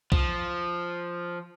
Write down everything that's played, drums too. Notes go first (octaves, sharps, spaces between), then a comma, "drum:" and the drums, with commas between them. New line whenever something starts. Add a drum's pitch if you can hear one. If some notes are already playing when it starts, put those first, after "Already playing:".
F3, drum: kick B1